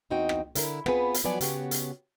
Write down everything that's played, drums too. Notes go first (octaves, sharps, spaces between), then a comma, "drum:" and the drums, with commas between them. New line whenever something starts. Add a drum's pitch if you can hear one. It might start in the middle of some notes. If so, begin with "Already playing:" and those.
E2 C4 D#4 F#4 D#5 G5
drum: rim click
D3 E4 A#4, drum: hi-hat
B3 C4 F4 G#4 B4, drum: rim click
drum: hi-hat
F3 F#3 B3 F#4 D5 G#5
C#3 B3 F#4 G4 C#5, drum: hi-hat
drum: hi-hat